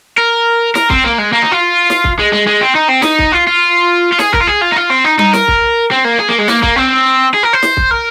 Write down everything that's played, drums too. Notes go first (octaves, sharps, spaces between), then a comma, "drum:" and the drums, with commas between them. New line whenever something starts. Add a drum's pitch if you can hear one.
A#4
A#4, drum: snare
C4, drum: kick
A#3
G#3
A#3
D#4
F4
drum: snare
drum: kick
G#3
G#3
G#3
C4
D#4
C4
D#4, drum: snare
drum: kick
F4
F4
F4
G#4, drum: snare
A#4, drum: kick
F4
G#4
F4
D#4
F4
C4
D#4
D#4, drum: tom G3
A#4, drum: snare
drum: kick
C4
A#3
G#4
A#3
G#3
A#3, drum: snare
A#3, drum: kick
C4
G#4
A#4
C5
drum: snare
drum: kick
A#4